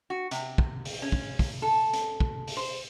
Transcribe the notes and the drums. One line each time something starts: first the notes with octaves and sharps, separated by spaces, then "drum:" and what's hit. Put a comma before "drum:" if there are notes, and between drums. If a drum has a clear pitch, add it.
F#4
C3, drum: hi-hat
drum: kick
drum: open hi-hat
C#4
drum: kick
drum: kick, open hi-hat
A4
drum: hi-hat
drum: kick
drum: open hi-hat
C5